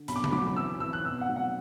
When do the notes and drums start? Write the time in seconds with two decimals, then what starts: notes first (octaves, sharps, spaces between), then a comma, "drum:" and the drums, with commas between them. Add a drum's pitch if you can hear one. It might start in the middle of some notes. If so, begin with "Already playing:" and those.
Already playing: D3
0.08 B1 B5, drum: hi-hat
0.16 D6
0.24 B5, drum: tom C#3
0.32 F#3 D6
0.56 E3 E6
0.80 E3 E6
0.93 F#6
1.05 B2 E6
1.21 F#5
1.29 F#3
1.36 F#5